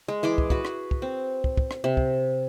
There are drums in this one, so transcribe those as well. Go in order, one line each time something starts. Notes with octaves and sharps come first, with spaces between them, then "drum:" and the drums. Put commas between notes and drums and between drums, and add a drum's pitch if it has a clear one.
G#3
E3 G#4 C6 D6
drum: kick
F#4 B4, drum: kick
drum: rim click
drum: kick
C4
drum: kick
drum: kick
drum: rim click
C3
drum: kick